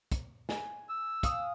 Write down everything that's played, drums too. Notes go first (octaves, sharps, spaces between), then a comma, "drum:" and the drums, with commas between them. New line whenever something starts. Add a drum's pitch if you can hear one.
drum: kick, hi-hat
G#5, drum: snare
E6
F5 D#6, drum: kick, hi-hat